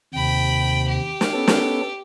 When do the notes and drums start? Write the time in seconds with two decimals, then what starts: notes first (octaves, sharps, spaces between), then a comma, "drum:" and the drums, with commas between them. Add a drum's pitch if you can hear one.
0.14 D#2 C3 G5 B5
0.88 G4
1.21 drum: snare
1.33 B3 C#4 A4
1.47 drum: snare